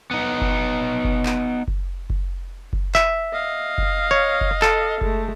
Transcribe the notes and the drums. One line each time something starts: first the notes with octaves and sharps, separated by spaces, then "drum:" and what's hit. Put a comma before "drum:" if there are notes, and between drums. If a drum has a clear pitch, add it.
B3 D#4
drum: kick F#1
drum: kick F#1
drum: clap
drum: kick F#1
drum: kick F#1
drum: kick F#1
E5, drum: clap
D#5 F5
drum: kick F#1
C#5
drum: kick F#1
A4, drum: clap
G#3 A3, drum: kick F#1